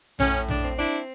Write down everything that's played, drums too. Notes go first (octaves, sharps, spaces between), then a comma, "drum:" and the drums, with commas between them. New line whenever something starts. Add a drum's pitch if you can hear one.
A2 C#4, drum: tom A#1
D4, drum: tom A#1
C4
D4 E4